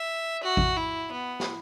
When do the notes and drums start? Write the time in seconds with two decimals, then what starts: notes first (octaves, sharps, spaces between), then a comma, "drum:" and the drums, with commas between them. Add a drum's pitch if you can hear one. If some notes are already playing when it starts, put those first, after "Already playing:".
Already playing: E5
0.44 F#4
0.57 drum: kick A1
0.77 E4
1.12 B3
1.40 drum: snare